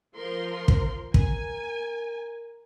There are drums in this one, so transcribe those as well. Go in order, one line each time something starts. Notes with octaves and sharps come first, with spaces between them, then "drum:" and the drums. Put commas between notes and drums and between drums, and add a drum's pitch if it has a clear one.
F3 A#4 C6
drum: kick
A#4 G#5, drum: kick